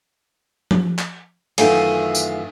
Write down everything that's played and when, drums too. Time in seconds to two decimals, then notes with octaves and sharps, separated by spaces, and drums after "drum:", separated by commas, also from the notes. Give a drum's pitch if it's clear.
0.71 drum: tom F3
0.99 drum: clap
1.58 F#2 D#3 E3 A3 F4 G#5, drum: cymbal
2.15 drum: tambourine